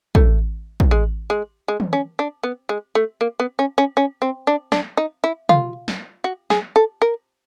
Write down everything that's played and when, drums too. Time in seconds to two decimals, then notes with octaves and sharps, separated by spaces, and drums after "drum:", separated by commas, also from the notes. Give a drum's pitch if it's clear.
0.15 A3, drum: kick
0.80 drum: kick
0.91 G#3
1.30 G#3
1.68 G#3
1.80 drum: tom
1.93 C#4
2.19 D4
2.43 B3
2.69 G#3
2.95 A3
3.21 A#3
3.40 B3
3.59 C#4
3.78 C#4
3.97 C#4
4.22 C4
4.47 D4
4.72 D4, drum: snare
4.97 D#4
5.24 E4
5.49 F4, drum: tom
5.88 drum: snare
6.24 F#4
6.50 G#4, drum: snare
6.76 A4
7.02 A#4